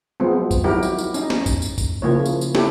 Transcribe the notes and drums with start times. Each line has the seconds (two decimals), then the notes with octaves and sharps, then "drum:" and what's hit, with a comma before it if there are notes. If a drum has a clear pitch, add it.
0.20 F3 F#3 G#3 B3 C4
0.51 drum: kick, tambourine
0.64 D#3 F#3 E4 F#4 G4 A#4
0.83 drum: tambourine
0.98 drum: tambourine
1.14 C#4 D#4, drum: tambourine
1.30 drum: snare
1.46 drum: kick, tambourine
1.62 drum: tambourine
1.78 drum: kick, tambourine
2.02 C#3 F3 A#3 E4 C#5
2.25 drum: tambourine
2.41 drum: tambourine
2.55 C#4 E4 G4 A4, drum: snare